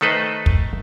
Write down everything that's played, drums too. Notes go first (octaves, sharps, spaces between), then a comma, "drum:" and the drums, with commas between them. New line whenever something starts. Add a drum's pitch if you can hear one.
D#3 A3 A4 B4 C5 D#5
drum: kick